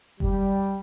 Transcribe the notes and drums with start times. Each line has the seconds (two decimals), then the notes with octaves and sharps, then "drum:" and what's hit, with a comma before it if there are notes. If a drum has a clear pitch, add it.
0.20 G3, drum: kick F#1